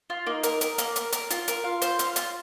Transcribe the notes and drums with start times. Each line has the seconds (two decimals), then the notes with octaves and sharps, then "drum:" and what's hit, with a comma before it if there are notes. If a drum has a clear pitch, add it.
0.10 F4
0.27 A#3 D#4
0.43 A#4, drum: hi-hat
0.61 A#4, drum: hi-hat
0.78 A#3, drum: hi-hat
0.96 A#4, drum: hi-hat
1.12 A#4, drum: hi-hat
1.30 F4, drum: hi-hat
1.48 A#4, drum: hi-hat
1.64 F4 F5
1.82 C5, drum: hi-hat
1.99 F5, drum: hi-hat
2.16 F4, drum: hi-hat